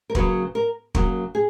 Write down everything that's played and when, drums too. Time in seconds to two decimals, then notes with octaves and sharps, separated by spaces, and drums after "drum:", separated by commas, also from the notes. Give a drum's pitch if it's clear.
0.10 A#4
0.15 C#3 F#3 A#3 B4, drum: kick
0.55 A#4
0.95 C#3 F#3 A#3 A#4, drum: kick
1.35 G#4